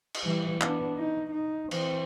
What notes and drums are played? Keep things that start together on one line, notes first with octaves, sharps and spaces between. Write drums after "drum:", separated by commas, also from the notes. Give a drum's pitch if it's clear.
drum: cymbal
E3 G3
B3 D4, drum: clap
D#4
D#4
E3 C4, drum: cymbal